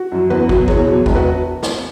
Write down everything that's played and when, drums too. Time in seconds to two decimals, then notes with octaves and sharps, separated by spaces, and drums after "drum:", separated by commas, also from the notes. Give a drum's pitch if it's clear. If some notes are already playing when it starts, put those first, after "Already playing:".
Already playing: F#4
0.12 F#2 F#3
0.30 E2 F#4 B4
0.49 B2 F#3, drum: kick
0.68 E2 G#4 C#5, drum: kick
0.87 B2 F#3
1.06 E1, drum: kick
1.15 F#4 B4
1.63 drum: snare